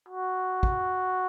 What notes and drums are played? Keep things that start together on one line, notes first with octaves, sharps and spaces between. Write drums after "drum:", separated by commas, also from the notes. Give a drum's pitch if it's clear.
F#4
drum: kick